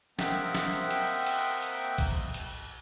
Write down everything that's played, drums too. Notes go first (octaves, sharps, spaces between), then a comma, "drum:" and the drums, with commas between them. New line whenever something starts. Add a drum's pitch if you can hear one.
A#3 C4 D#5 E5 F#5 G5, drum: snare
drum: snare
drum: cymbal
drum: cymbal
drum: cymbal
drum: kick A1, cymbal
drum: cymbal